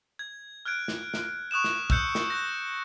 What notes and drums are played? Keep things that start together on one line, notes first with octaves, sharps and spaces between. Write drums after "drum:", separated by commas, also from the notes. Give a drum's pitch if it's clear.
G#6
F6 F#6 G#6 D7
drum: snare
drum: snare
C#6 D#6 F#6 E7
drum: snare
D#6 E6 F#6 G6 C#7, drum: kick
drum: snare
F#6 A#6